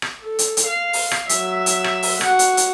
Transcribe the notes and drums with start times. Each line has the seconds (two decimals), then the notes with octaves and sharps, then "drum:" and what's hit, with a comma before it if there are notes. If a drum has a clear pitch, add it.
0.02 drum: rim click
0.24 A4
0.39 drum: hi-hat
0.57 drum: hi-hat
0.67 F5
0.93 drum: open hi-hat
1.11 drum: rim click
1.29 F#3 E5, drum: hi-hat
1.66 drum: hi-hat
1.84 drum: rim click
2.03 drum: open hi-hat
2.21 F#4 F#5, drum: rim click
2.39 drum: hi-hat
2.57 drum: hi-hat